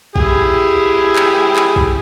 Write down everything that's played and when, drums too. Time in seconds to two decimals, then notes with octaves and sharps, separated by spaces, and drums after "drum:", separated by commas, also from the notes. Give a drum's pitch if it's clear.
0.16 E4 G4 G#4, drum: kick
1.16 drum: clap
1.56 drum: clap
1.76 drum: kick